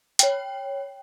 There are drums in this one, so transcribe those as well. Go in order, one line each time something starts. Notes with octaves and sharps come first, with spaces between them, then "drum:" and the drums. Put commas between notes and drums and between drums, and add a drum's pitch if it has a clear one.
C#5 G5, drum: hi-hat